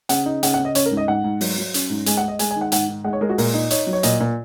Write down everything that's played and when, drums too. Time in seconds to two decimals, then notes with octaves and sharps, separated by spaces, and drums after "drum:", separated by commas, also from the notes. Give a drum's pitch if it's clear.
0.09 C#3 F#5, drum: hi-hat
0.26 D#4
0.43 C#3 F#5, drum: hi-hat
0.54 F#5
0.59 C#3
0.65 D#5
0.75 C#4 C#5, drum: hi-hat
0.86 A#4
0.91 G#2
0.97 D#5
1.08 G#2 F#5
1.24 G#2
1.41 F#3, drum: open hi-hat
1.58 F#3
1.74 C#4, drum: hi-hat
1.90 G#2
2.06 G#3 G#5, drum: hi-hat
2.17 F#5
2.23 G#3 D#5
2.39 G#3 G#5, drum: hi-hat
2.50 G#5
2.56 D#3
2.61 F#5
2.72 G#2 F#5, drum: hi-hat
2.89 D#3
3.04 G#3 F#5
3.13 C#5
3.21 G#3 A#4
3.30 F#4
3.38 A#2 A#4, drum: open hi-hat
3.54 D#4
3.70 D#4 C#5, drum: hi-hat
3.87 F#3
3.93 C#5
4.03 A#2 D#5, drum: hi-hat
4.20 A#2